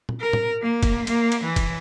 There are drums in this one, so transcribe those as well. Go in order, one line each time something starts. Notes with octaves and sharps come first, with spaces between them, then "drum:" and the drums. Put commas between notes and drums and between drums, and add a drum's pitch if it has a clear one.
drum: tom
A#4
drum: tom
A#3
drum: kick, cymbal
A#3, drum: cymbal
drum: cymbal
E3
drum: kick, cymbal